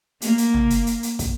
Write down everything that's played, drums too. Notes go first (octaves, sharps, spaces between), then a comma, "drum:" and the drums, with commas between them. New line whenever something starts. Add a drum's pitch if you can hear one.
A#3, drum: hi-hat
drum: hi-hat
drum: tom
drum: hi-hat
drum: hi-hat
drum: hi-hat
drum: kick, hi-hat